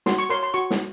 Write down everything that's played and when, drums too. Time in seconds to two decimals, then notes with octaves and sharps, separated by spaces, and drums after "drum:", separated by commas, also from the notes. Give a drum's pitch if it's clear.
0.06 F#4 C6, drum: snare
0.18 C#6
0.30 A#4 C#5 C6
0.43 C6
0.54 F#4 C#6
0.71 drum: snare